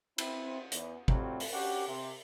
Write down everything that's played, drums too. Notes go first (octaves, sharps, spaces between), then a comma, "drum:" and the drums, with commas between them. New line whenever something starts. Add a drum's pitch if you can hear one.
C4 E4, drum: cymbal
E2, drum: hi-hat
C3 F#3 G3 A3 C4 F4, drum: kick
drum: open hi-hat
C#4 D4 F#4 G4
C3